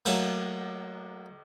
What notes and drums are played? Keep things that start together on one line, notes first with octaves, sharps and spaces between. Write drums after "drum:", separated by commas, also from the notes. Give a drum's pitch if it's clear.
F#3 A3 A#3, drum: cymbal